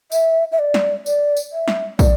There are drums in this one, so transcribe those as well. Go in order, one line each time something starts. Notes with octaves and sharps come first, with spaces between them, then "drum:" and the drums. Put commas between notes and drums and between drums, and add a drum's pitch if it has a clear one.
E5, drum: tambourine
E5
D5
drum: snare
D5, drum: tambourine
drum: tambourine
E5
drum: snare
D5, drum: kick, tambourine